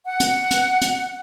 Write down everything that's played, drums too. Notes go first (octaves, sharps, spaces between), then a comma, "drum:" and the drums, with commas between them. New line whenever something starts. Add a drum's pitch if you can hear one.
F#5
drum: hi-hat
drum: hi-hat
drum: hi-hat